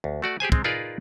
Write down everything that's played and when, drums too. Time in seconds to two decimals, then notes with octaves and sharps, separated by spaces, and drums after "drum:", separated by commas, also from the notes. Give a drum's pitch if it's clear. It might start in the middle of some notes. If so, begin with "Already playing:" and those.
0.04 D2
0.22 A3 F#4 D5
0.40 G4 G#4 C5 G#5
0.52 G#3 C4, drum: kick
0.64 D#4 F4 G#4 A#4 B4 D5